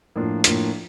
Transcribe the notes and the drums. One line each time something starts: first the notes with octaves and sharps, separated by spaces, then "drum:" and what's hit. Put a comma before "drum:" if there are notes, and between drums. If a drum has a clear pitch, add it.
A2 F3 A#3 D4 F4
A2 F3 A#3 D4 F4, drum: hi-hat